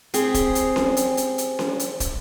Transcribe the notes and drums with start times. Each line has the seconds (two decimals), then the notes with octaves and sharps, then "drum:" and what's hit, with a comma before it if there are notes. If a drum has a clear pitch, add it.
0.14 C4 G4 G#4, drum: hi-hat
0.34 drum: kick, hi-hat
0.55 drum: hi-hat
0.76 drum: snare C#4
0.97 drum: hi-hat
1.17 drum: hi-hat
1.38 drum: hi-hat
1.59 drum: snare C#4
1.79 drum: hi-hat
2.00 drum: kick, hi-hat